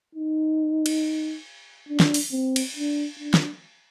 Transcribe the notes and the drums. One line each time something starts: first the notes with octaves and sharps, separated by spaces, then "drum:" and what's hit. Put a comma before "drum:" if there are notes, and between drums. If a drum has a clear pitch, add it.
D#4
drum: cymbal
D4
drum: snare
drum: open hi-hat
C4
drum: cymbal
D4
D4
drum: snare